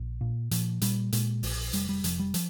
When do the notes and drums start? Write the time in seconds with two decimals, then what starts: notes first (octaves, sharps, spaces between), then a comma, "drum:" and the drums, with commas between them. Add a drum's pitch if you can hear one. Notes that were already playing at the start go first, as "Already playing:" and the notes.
Already playing: A#1
0.21 A#2
0.51 A#2 F3, drum: hi-hat
0.81 A#2 G3, drum: hi-hat
1.12 A#2 G#3, drum: hi-hat
1.43 A#1, drum: open hi-hat
1.73 F1 G3, drum: hi-hat
1.89 G3
2.04 F1 F3, drum: hi-hat
2.19 G3
2.34 F3, drum: hi-hat